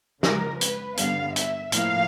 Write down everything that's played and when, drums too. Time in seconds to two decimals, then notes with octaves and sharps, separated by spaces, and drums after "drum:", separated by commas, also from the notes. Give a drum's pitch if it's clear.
0.23 C#3 F3 G#3 A#4, drum: snare
0.61 B4, drum: hi-hat
0.97 G2 D3 G3 B3 F5, drum: hi-hat
1.36 E5, drum: hi-hat
1.72 A2 F3 A#3 F5, drum: hi-hat